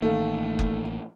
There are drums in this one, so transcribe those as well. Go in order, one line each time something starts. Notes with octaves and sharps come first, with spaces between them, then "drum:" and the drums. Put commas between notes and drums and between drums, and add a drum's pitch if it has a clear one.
A1 D#3 A3 A#3 A4 F5
drum: kick F#1